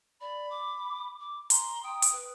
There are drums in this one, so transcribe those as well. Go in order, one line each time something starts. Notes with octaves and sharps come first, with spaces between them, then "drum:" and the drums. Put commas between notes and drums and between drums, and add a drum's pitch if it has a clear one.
D5 B5
D6
D6
A#5 C6, drum: hi-hat
G5 D#6
drum: hi-hat
B4